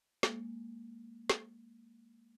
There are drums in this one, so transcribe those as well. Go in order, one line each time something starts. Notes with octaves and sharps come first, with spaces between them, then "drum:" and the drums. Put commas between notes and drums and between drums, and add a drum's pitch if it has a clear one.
G#3 A#3, drum: snare
drum: snare